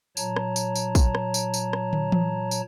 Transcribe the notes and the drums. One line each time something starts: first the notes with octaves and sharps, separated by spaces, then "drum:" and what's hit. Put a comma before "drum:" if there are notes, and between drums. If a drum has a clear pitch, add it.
A#2 F#3 C#5 A5 A#5, drum: tambourine
drum: rim click
drum: tambourine
drum: tambourine
drum: kick, tambourine
drum: rim click
drum: tambourine
drum: tambourine
drum: rim click
drum: tom
drum: tom E3
drum: tambourine